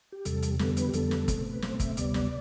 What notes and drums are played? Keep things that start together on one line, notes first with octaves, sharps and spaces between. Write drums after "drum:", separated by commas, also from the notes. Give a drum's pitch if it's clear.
G4
E2 C3 G3 A4, drum: hi-hat
drum: hi-hat
F2 D3 G3 B3 A4, drum: snare
B4, drum: hi-hat
G4
F2 D3 G3 B3 A4, drum: hi-hat
drum: snare
B2 A3 C4, drum: kick, hi-hat
B4
B2 A3 C4 C5, drum: snare
E5, drum: kick, hi-hat
D2 C3 G3 B3 D5, drum: hi-hat
drum: snare